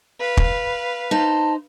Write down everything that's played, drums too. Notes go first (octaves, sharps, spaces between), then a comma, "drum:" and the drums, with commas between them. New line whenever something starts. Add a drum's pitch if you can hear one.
B4 F5
drum: kick
D#4 C5 A5